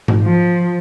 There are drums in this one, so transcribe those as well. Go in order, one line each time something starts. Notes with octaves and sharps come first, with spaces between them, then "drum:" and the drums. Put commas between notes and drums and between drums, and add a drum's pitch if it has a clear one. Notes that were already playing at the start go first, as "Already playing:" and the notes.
drum: tom G#2
F3